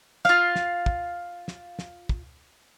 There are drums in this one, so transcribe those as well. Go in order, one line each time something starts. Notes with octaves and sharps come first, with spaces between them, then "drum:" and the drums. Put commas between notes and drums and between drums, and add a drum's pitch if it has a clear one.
F4 F5, drum: snare
drum: snare
drum: kick
drum: snare
drum: snare
drum: kick